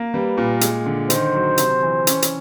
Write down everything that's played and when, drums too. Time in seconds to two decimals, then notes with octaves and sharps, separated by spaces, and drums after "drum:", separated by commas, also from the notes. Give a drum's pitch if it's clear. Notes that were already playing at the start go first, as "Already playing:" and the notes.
Already playing: A#3
0.14 G3 B4
0.37 A#2
0.61 G#3, drum: hi-hat
0.86 D3
1.10 D#3 C5, drum: hi-hat
1.34 F#3
1.58 C3, drum: hi-hat
1.82 E3
2.07 C#4, drum: hi-hat
2.22 drum: hi-hat